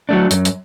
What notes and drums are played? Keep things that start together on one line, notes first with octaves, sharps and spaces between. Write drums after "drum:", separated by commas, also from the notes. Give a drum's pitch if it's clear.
F#3 A3 D4
F#2, drum: hi-hat
drum: hi-hat